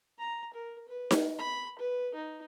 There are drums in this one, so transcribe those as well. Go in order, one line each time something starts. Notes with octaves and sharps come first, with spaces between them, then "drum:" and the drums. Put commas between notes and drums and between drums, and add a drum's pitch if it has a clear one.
A#5
A#4
B4
drum: snare D#4
B5
B4
D#4